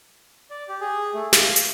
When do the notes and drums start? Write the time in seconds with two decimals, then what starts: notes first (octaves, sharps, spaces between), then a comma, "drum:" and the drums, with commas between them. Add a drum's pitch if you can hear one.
0.51 D5
0.68 G4
0.81 G#4
1.14 A3
1.33 F5, drum: snare
1.56 drum: hi-hat